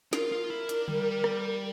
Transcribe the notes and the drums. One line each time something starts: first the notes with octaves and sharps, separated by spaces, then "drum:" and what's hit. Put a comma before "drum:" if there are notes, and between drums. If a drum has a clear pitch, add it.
F4 A#4, drum: snare
F4
E4
D4, drum: hi-hat
G3, drum: tom D3
drum: rim click